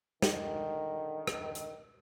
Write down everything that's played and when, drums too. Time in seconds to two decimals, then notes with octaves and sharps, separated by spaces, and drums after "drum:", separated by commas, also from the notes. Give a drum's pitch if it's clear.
0.22 D3 D#3, drum: snare
1.27 drum: rim click
1.55 drum: hi-hat